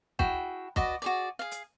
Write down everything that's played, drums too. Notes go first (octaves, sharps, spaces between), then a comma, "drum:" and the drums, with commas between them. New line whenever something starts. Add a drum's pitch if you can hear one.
E4 F#4 G#4 G5, drum: kick
F#4 B4 D5 D#5, drum: kick
F#4 G#4 D5
G#4 F5
drum: hi-hat